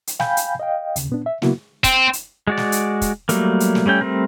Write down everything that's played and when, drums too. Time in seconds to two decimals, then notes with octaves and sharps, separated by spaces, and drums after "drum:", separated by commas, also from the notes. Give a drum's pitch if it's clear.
0.07 drum: hi-hat
0.20 F5 G5 G#5 B5 G6, drum: snare
0.37 drum: hi-hat
0.60 D#5 F5 G5
0.96 D#2 C#3, drum: hi-hat
1.10 A#2 B3 D4
1.26 E5
1.42 C#3 F#3 A#3 B3 E4 F#4, drum: snare
1.84 C4, drum: kick, hi-hat
2.13 drum: hi-hat
2.47 G#3 F#4 D5
2.57 drum: snare
2.72 drum: hi-hat
3.01 drum: kick, hi-hat
3.29 F#3 G3 A3 A#3, drum: hi-hat
3.60 drum: hi-hat
3.75 drum: snare
3.86 G3 A3 C#4 G5
4.01 G3 A3 C4 A#4